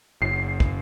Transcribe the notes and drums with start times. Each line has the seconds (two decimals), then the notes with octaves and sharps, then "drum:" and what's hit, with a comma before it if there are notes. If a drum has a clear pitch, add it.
0.22 F#1 C7
0.60 drum: kick